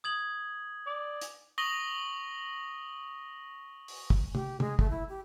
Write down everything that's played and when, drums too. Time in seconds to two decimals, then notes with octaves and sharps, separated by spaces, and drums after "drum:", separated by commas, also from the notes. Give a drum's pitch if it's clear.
0.04 D#6 G#6 F#7
0.86 D5
1.21 drum: hi-hat
1.58 C#6 D#6 A#6 F#7 G7
3.88 drum: open hi-hat
4.10 drum: kick
4.35 G4, drum: tom C3
4.60 G#3, drum: tom C3
4.79 A3, drum: kick
4.90 E4
5.09 G4